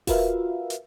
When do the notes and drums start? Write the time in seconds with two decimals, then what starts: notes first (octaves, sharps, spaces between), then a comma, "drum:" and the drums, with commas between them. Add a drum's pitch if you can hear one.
0.07 F4 F#4 A#4 B4 E5 F5, drum: kick D#1, open hi-hat
0.70 drum: hi-hat